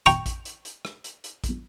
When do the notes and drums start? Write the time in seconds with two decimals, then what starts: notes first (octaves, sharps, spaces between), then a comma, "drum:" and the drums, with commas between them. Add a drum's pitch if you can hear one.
0.06 G5 A#5 C#6, drum: hi-hat
0.26 drum: kick A1, hi-hat
0.45 drum: hi-hat
0.65 drum: hi-hat
0.85 drum: rim click
1.04 drum: hi-hat
1.24 drum: hi-hat
1.44 drum: kick A1, hi-hat